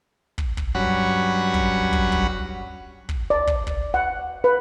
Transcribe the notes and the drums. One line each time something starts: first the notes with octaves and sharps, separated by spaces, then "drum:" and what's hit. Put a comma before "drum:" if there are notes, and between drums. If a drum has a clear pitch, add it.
drum: kick
drum: kick
G2 F#3 C#4 F#5 B5
drum: kick
drum: kick
drum: kick
drum: kick
D5
drum: kick
drum: kick
F#5
B4